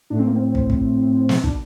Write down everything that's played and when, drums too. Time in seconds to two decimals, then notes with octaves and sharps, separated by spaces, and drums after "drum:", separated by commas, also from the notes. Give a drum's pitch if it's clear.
0.10 A2 D4
0.19 C4
0.27 A#3
0.36 C4
0.55 drum: kick
0.70 drum: kick
1.29 drum: snare
1.44 D4, drum: kick